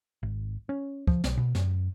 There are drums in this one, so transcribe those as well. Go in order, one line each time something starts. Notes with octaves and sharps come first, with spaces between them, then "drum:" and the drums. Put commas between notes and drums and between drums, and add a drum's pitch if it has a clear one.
G#1
C#4
F3, drum: kick
B1, drum: snare
B2
F#2, drum: snare